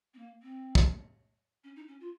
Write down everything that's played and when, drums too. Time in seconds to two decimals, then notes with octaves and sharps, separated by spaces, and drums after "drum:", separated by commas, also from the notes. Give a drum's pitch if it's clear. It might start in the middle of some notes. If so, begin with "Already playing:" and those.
0.14 C4
0.18 A#3
0.42 C4
0.75 drum: kick
1.64 C#4
1.76 D#4
1.88 C#4
2.00 F4